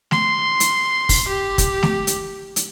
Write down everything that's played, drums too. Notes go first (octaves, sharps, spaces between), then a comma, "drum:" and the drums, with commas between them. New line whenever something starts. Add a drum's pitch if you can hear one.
C6, drum: snare A3
drum: hi-hat
drum: kick, open hi-hat
G4
drum: kick, hi-hat
drum: snare A3
drum: hi-hat
drum: hi-hat